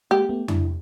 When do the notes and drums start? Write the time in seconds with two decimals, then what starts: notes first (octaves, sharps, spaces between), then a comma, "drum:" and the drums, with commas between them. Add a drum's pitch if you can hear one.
0.11 G#3 A#3 G4
0.29 A3 B3
0.48 D4 E4, drum: tom F2